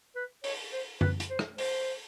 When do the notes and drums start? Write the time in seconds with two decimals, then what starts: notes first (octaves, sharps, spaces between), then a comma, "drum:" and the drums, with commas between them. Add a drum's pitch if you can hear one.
0.16 B4
0.44 C#5, drum: open hi-hat
0.73 C5
1.01 B4, drum: tom F#2
1.20 drum: hi-hat
1.30 C5
1.39 drum: rim click
1.58 C5, drum: open hi-hat